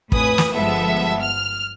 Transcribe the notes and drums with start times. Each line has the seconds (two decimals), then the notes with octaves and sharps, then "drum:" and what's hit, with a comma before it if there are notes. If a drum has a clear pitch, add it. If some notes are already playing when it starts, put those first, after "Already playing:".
0.12 F2 A2 B4 G#5 D#6, drum: kick
0.38 drum: snare
0.53 G1 F3 G#3 B3 A4 E5
1.21 F6